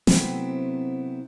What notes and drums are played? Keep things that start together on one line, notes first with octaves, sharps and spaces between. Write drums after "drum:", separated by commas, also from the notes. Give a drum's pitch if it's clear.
C3 F#3 A3 B3 C4 E4, drum: snare